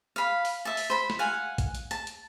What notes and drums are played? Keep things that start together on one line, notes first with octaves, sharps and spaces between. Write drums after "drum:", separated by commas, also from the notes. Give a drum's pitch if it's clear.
F5 B5
drum: open hi-hat
E5 A5
drum: open hi-hat
C5 B5
drum: snare
F5 F#5 G#5
drum: kick A#1, hi-hat
drum: hi-hat
A5, drum: hi-hat
drum: hi-hat